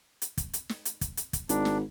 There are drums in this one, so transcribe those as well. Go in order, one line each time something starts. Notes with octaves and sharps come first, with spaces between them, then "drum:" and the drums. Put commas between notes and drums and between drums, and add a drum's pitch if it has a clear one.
drum: hi-hat
drum: kick, hi-hat
drum: hi-hat
drum: snare
drum: hi-hat
drum: kick, hi-hat
drum: hi-hat
drum: kick, hi-hat
G#1 D4, drum: hi-hat
drum: snare